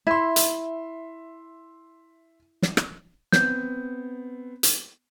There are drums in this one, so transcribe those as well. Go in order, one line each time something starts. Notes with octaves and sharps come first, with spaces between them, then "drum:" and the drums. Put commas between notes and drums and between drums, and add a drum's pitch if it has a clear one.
E4 E5 C6
drum: hi-hat
drum: snare
drum: rim click
B3 C4 G6, drum: snare
drum: hi-hat